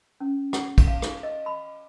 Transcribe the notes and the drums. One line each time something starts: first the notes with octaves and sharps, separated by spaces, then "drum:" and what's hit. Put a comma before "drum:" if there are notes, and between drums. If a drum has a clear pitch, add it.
C#4
F#5, drum: rim click
drum: kick, cymbal
F5
drum: rim click
D#5
B5